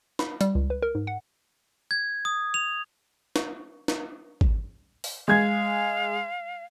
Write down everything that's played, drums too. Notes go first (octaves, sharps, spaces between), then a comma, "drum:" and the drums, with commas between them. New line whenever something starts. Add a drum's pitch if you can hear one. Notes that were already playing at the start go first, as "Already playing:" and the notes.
B5, drum: snare
G3, drum: hi-hat
C#2
B4
A#4
G#2
F#5
G#6
D#6
F7
drum: snare
drum: snare
drum: kick
drum: open hi-hat
G#3 F5 G#6